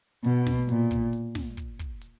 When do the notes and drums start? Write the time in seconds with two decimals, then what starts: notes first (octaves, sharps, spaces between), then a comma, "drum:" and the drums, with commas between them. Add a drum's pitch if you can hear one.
0.24 B2, drum: hi-hat
0.47 drum: snare
0.69 A#2, drum: hi-hat
0.91 drum: kick, hi-hat
1.13 drum: hi-hat
1.35 drum: snare
1.57 drum: kick, hi-hat
1.79 drum: kick, hi-hat
2.01 drum: hi-hat